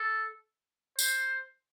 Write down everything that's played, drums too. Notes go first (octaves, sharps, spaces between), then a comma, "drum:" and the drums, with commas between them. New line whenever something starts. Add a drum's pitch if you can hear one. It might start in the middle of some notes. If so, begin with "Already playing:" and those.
Already playing: A4
C5, drum: tambourine